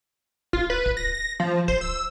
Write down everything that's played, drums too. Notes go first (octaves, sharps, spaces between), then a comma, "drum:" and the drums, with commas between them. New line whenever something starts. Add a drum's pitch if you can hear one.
F4, drum: kick
B4
drum: kick
A#6
A#6
F3
C5, drum: kick
E6